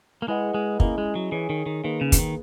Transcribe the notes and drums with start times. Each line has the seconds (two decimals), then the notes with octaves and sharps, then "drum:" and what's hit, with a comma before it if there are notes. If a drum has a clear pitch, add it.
0.22 A#3
0.28 G#3 E4 G#4 B4 D#5 F#5
0.54 G#3
0.80 A#3 C#4 E4 G#4 D#5 G#5, drum: kick
0.98 G#3
1.15 F#3
1.32 E3 G#4 C#5 G#5
1.50 D#3
1.66 D#3
1.84 D#3 A#3 D#4 G#4 B4
2.01 C#3
2.12 E3, drum: kick, hi-hat
2.18 D#3